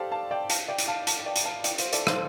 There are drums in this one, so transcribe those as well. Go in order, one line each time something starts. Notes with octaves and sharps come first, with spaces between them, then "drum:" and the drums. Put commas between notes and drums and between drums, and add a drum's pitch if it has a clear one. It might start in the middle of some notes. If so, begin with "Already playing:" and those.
Already playing: G4 A4 C5 D5 F5 A5
F5 A5
D5 G5
F5 A5, drum: hi-hat
D5 G5
drum: hi-hat
F5 A5
F5 A5, drum: hi-hat
D5 G5
drum: hi-hat
F5 A5
D5 G5, drum: hi-hat
C5 F5, drum: hi-hat
A4 D5, drum: hi-hat
C5 F5, drum: rim click